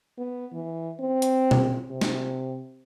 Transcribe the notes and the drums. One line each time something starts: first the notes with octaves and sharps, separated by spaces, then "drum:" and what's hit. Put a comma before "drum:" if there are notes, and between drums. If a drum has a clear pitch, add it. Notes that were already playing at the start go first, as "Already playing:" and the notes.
B3
E3
C4
drum: hi-hat
drum: tom B2
C3
drum: snare